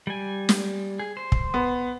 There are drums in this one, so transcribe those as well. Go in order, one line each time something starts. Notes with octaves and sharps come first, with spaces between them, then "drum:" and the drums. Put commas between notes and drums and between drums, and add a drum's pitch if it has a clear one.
G3 G#5
drum: snare
G#4
C5
drum: kick
B3